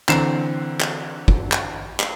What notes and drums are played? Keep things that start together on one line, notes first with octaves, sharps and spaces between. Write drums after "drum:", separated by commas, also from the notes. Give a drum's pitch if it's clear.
D3 E3 C4 A#5 C7 E7, drum: clap
drum: clap
drum: kick
drum: clap
drum: clap